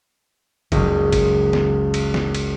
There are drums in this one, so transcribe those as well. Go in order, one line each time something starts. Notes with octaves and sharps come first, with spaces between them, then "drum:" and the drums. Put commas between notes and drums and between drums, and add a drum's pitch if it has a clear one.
F#1 C#2, drum: kick, cymbal
drum: kick, cymbal
drum: snare
drum: cymbal
drum: snare
drum: cymbal